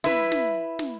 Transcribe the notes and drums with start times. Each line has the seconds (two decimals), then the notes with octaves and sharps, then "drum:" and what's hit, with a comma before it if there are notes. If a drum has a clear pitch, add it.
0.04 E4 B4, drum: snare
0.32 drum: snare
0.79 drum: snare